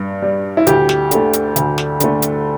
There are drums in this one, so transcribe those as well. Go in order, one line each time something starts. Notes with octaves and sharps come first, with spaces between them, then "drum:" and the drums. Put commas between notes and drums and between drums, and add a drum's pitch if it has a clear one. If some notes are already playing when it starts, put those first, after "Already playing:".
Already playing: G2
G3
E4
D2 G4, drum: hi-hat
drum: snare
D3 A3, drum: hi-hat
drum: hi-hat
D2, drum: hi-hat
drum: snare
D3 A3, drum: hi-hat
drum: hi-hat